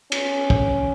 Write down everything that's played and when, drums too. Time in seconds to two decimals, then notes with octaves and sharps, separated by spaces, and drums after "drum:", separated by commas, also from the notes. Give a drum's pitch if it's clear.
0.12 C#4, drum: cymbal
0.50 drum: kick